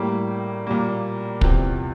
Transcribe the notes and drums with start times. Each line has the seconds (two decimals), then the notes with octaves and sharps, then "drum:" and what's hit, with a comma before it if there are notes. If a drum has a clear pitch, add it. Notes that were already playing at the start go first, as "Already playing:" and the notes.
Already playing: A2 G3 A#3
0.67 A#2 G3 A#3
1.41 E2 C3 F3, drum: kick